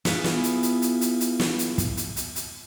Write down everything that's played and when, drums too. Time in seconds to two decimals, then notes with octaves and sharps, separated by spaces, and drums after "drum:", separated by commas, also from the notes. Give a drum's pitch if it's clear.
0.05 B3 E4 F4 G#4, drum: snare
0.24 drum: snare
0.43 drum: hi-hat
0.63 drum: hi-hat
0.82 drum: hi-hat
1.01 drum: hi-hat
1.20 drum: hi-hat
1.40 drum: snare
1.59 drum: hi-hat
1.78 drum: kick, hi-hat
1.97 drum: hi-hat
2.16 drum: hi-hat
2.36 drum: hi-hat